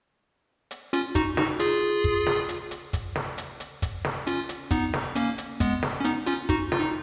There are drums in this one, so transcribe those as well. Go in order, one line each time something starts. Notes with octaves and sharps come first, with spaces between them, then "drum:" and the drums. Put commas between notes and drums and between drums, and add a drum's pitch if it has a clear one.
drum: hi-hat
C#4 F4, drum: hi-hat
D#4 F#4, drum: kick, hi-hat
D#4 F#4, drum: snare
F4 G#4, drum: hi-hat
drum: kick
drum: snare
drum: hi-hat
drum: hi-hat
drum: kick, hi-hat
drum: snare
drum: hi-hat
drum: hi-hat
drum: kick, hi-hat
drum: snare
C#4 F4, drum: hi-hat
drum: hi-hat
B3 D#4, drum: kick, hi-hat
drum: snare
A#3 C#4, drum: hi-hat
drum: hi-hat
G#3 B3, drum: kick, hi-hat
drum: snare
C#4
B3 D#4, drum: hi-hat
C#4 F4, drum: hi-hat
D#4 F#4, drum: kick, hi-hat
F4, drum: snare
D#4